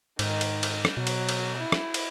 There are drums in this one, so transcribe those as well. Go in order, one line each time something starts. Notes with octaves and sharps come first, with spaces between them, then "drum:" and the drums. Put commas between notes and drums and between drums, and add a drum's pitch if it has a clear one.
G#2 D#3, drum: cymbal
drum: cymbal
drum: cymbal
drum: rim click
B2 F#3
drum: cymbal
drum: cymbal
E4
drum: rim click
drum: cymbal